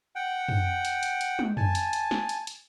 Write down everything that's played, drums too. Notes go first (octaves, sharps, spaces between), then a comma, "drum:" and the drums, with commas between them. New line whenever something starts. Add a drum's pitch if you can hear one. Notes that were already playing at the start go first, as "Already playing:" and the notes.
F#5 G5
drum: tom
drum: hi-hat
drum: hi-hat
drum: hi-hat
drum: tom
G#5 A5, drum: tom
drum: hi-hat
drum: hi-hat
drum: snare
drum: hi-hat
drum: hi-hat